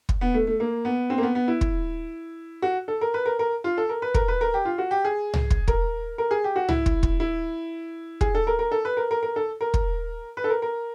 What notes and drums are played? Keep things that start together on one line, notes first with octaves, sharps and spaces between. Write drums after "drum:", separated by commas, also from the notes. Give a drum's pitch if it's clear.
drum: kick
B3
A3
A3
A#3
B3
C4
A#3
B3
B3
E4
drum: kick
F#4
A4
A#4
B4
A#4
A#4
F4
A4
A#4
B4
A#4, drum: kick
B4
A#4
G4
F4
F#4
G4
G#4
drum: tom C2
drum: kick
A#4, drum: kick
A#4
G#4
G4
F#4
E4, drum: tom C2
drum: kick
drum: kick
E4
G#4, drum: kick
A4
A#4
A#4
A4
B4
A#4
A#4
A#4
A4
A#4
drum: kick
B4
A4
A#4
A#4